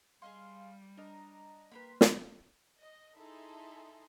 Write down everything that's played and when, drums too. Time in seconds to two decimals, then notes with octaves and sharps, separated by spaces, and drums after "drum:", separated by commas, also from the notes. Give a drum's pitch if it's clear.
0.22 G3 G#4 D#5 F5 C6
0.97 D4 A#4 D#5 A#5
1.72 A#3 G4 A#4 B4 B5 C6
2.01 drum: snare
2.77 D#5
3.17 D#4 E4 G#4 A4 E5 C6